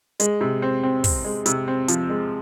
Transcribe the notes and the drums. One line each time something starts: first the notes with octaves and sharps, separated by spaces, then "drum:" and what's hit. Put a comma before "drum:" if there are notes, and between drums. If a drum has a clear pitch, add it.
G#3, drum: hi-hat
C3
C4
C4
C4, drum: kick, open hi-hat
G#3
C3, drum: hi-hat
C4
F3, drum: hi-hat
G#3